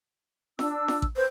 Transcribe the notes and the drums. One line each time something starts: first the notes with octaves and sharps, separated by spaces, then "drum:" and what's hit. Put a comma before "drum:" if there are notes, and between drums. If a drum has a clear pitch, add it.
D4 E6, drum: snare
drum: snare
drum: kick A1
B4 C5